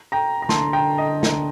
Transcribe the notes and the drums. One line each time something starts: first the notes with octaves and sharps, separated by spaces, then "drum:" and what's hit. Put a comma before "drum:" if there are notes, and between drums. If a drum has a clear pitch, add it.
G5 A#5
A#5
D3 A5 C6, drum: snare
G5 A#5
D#5
drum: snare